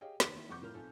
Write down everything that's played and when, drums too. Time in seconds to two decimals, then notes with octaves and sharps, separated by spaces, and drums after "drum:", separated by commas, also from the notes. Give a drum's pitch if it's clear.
0.01 G4 G#4 C#5 D#5 F5 G5
0.20 F1 D#2, drum: snare
0.35 D#3 A#3 E4
0.49 F2 C3 F#5 C#6 D6 G6
0.62 A2 F4 A#4 F6
0.74 B1 C4 F4 A4 G#5